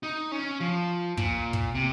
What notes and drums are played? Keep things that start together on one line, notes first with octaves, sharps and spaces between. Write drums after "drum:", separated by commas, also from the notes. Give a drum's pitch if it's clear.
D#4
C#4
F3
A#2, drum: kick
drum: kick
C3